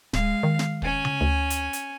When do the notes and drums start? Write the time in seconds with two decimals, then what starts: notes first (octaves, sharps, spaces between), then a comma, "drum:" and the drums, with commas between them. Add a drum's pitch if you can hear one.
0.13 D1 G#3 F5, drum: snare
0.43 D#3
0.59 drum: snare
0.82 C#4 G#5, drum: kick
1.05 drum: tom C#3
1.21 D2
1.50 drum: hi-hat
1.73 drum: hi-hat